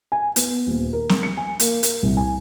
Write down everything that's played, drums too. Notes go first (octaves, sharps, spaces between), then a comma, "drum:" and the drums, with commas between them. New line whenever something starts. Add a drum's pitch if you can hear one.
G#5
B3, drum: hi-hat
D#1
A#4
drum: snare
C#7
G#5
A#3, drum: hi-hat
A#4, drum: hi-hat
C2
G#5